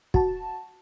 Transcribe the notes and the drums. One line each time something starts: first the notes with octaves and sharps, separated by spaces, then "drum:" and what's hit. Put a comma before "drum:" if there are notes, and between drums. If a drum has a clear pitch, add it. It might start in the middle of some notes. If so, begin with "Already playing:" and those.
F#4 A5, drum: kick